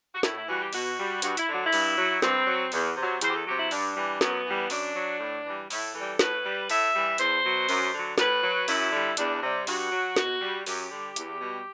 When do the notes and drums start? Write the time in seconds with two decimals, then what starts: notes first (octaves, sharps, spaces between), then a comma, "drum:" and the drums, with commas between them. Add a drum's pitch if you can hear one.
0.14 F#4
0.23 A2 E4, drum: snare
0.36 E4
0.48 E3 G3 F#4
0.60 G4
0.73 B2 F#4, drum: open hi-hat
0.98 G3
1.22 G2 F#4, drum: hi-hat
1.37 E4, drum: hi-hat
1.48 D3 F#3 D4
1.65 E4
1.73 G2, drum: open hi-hat
1.97 F#3
2.22 G2 C4, drum: snare
2.46 F#3
2.72 E2, drum: open hi-hat
2.96 C3 F#3
3.21 E2 C5, drum: hi-hat
3.29 G4
3.34 A4
3.46 C3 F#3 G4
3.58 E4
3.71 G2 D4, drum: open hi-hat
3.96 E3 G3
4.21 F#2 B3, drum: snare
4.46 E3 G3
4.70 F#2 D4, drum: open hi-hat
4.95 F#3
5.20 A2
5.45 E3 G3
5.70 A2 E4, drum: open hi-hat
5.94 E3 G3 A4
6.19 A2 B4, drum: snare
6.44 G3
6.70 A2 E5, drum: open hi-hat
6.95 E3 G3
7.18 E2 C5, drum: hi-hat
7.44 B2 F#3
7.69 F#2, drum: open hi-hat
7.94 D3 F#3
8.18 A2 B4, drum: snare
8.43 F#3
8.68 F#2 E4, drum: open hi-hat
8.92 D3 G3
9.17 E2 D4, drum: hi-hat
9.42 C3 G3
9.67 G2 F#4, drum: open hi-hat
9.92 F#3
10.16 B2 F#4, drum: snare
10.41 G3
10.66 F#2 G4, drum: open hi-hat
10.91 D3 G3
11.16 E2, drum: hi-hat
11.41 B2 G3